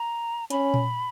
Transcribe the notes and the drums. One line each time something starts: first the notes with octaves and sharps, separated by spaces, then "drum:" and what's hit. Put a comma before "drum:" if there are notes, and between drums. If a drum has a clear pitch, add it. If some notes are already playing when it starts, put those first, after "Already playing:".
Already playing: A#5
C#4 B5, drum: hi-hat
drum: tom A#2